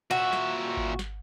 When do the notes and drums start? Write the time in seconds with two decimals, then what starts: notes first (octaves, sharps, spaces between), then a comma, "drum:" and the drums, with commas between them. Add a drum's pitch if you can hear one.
0.11 A#2 F#4 E5
0.33 drum: snare
0.77 drum: kick G#1
0.99 drum: snare